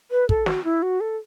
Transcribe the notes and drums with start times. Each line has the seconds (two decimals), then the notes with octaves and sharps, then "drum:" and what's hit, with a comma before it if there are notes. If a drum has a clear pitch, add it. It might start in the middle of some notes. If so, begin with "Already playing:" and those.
0.11 B4
0.29 A4, drum: kick
0.46 F#4, drum: snare
0.64 E4
0.82 F#4
1.00 A4